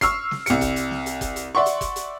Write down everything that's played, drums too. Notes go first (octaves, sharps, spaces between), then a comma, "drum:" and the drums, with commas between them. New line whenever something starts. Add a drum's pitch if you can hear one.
C#6 E6 F6 C7, drum: kick F#1, hi-hat
drum: snare
C2 C#7, drum: hi-hat
drum: kick F#1, hi-hat
drum: hi-hat
drum: snare
drum: hi-hat
drum: kick F#1, hi-hat
drum: hi-hat
D5 E5 F#5 C6 C#6
drum: hi-hat
drum: kick F#1, hi-hat
drum: hi-hat